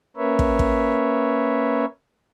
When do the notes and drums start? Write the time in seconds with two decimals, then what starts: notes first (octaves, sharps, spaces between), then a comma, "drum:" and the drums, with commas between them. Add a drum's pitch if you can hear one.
0.16 A#3 C#4 A#4 B4 C#5 E5
0.39 drum: kick
0.59 drum: kick